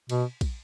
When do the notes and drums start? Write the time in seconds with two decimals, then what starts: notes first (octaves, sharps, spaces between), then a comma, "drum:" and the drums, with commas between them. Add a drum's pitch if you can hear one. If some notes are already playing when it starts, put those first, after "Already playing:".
0.09 B2, drum: cymbal
0.41 drum: kick, cymbal